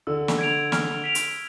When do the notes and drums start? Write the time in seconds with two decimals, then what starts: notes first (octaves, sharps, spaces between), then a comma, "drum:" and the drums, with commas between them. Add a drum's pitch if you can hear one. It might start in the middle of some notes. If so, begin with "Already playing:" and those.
0.07 D3 E6
0.28 drum: snare
0.39 G#6 D7 F7
0.72 F6, drum: snare
1.04 B6 D7 F7
1.15 drum: hi-hat